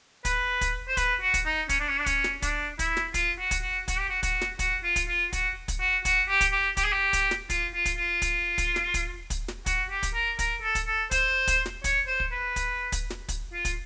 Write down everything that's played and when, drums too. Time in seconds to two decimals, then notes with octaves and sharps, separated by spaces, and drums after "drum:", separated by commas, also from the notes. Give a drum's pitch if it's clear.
0.25 B4, drum: kick, hi-hat
0.61 drum: kick, hi-hat
0.88 C5
0.97 B4, drum: kick, hi-hat
1.21 F#4
1.34 drum: kick, hi-hat
1.45 D#4
1.69 C#4, drum: kick, hi-hat
1.80 D4
1.89 C#4
1.98 D4
2.06 C#4, drum: kick, hi-hat
2.24 drum: snare
2.42 D4, drum: kick, hi-hat
2.79 E4, drum: kick, hi-hat
2.97 drum: snare
3.14 F4, drum: kick, hi-hat
3.39 F#4
3.51 drum: kick, hi-hat
3.62 F#4
3.88 F#4, drum: kick, hi-hat
3.99 G4
4.09 F#4
4.23 F#4, drum: kick, hi-hat
4.41 drum: snare
4.59 F#4, drum: kick, hi-hat
4.83 F4
4.96 drum: kick, hi-hat
5.08 F4
5.33 F#4, drum: kick, hi-hat
5.68 drum: kick, hi-hat
5.80 F#4
6.05 F#4, drum: kick, hi-hat
6.28 G4
6.41 drum: kick, hi-hat
6.52 G4
6.77 G4, drum: kick, hi-hat
6.84 G#4
6.92 G4
7.13 drum: kick, hi-hat
7.31 drum: snare
7.50 F4, drum: kick, hi-hat
7.74 F4
7.85 drum: kick, hi-hat
7.97 F4
8.22 drum: kick, hi-hat
8.58 drum: kick, hi-hat
8.76 drum: snare
8.94 drum: kick, hi-hat
9.30 drum: kick, hi-hat
9.48 drum: snare
9.66 F#4, drum: kick, hi-hat
9.91 G4
10.03 drum: kick, hi-hat
10.14 A#4
10.39 A#4, drum: kick, hi-hat
10.62 A4
10.75 drum: kick, hi-hat
10.87 A4
11.11 C5, drum: kick, hi-hat
11.47 drum: kick, hi-hat
11.66 drum: snare
11.84 C#5, drum: kick, hi-hat
12.07 C5
12.20 drum: kick
12.32 B4
12.56 drum: kick, hi-hat
12.92 drum: kick, hi-hat
13.10 drum: snare
13.28 drum: kick, hi-hat
13.53 F4
13.65 drum: kick, hi-hat